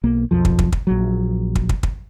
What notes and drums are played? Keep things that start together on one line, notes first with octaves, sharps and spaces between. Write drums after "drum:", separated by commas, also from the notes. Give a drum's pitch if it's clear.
B1 A#3
B1 F2 F3
drum: kick
drum: kick
drum: kick
A#1 F#3
drum: kick
drum: kick
drum: kick